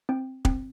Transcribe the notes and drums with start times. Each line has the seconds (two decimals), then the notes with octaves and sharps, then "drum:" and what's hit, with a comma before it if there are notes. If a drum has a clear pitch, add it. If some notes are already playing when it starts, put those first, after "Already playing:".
0.09 C4 G5
0.45 C4, drum: kick